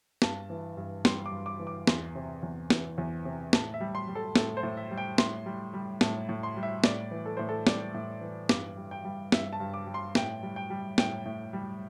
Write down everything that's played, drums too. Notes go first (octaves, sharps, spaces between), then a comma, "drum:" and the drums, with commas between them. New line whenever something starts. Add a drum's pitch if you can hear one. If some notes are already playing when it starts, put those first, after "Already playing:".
G2 A5, drum: snare
E3
G2
G3 C6, drum: snare
D6
G2
D6
E3
D6
E2 C6, drum: snare
C3
E2
E3, drum: snare
E2
C3
A2 A5, drum: snare
E5
G3
C6
G3
A4
A2 A4, drum: snare
C5
A2
E5
G3
G5
A2 C6, drum: snare
G3
G3
A2 A5, drum: snare
A2
C6
G3
E5
A2 D5, drum: snare
E3
A4
A2 C5
A4
G3 D5, drum: snare
A2
E3
G2 D6, drum: snare
G3
G5
G3
G2 E5, drum: snare
A5
G2
D6
G3
C6
A2 G5, drum: snare
G3
G5
G3
A2 G5, drum: snare
A2
G3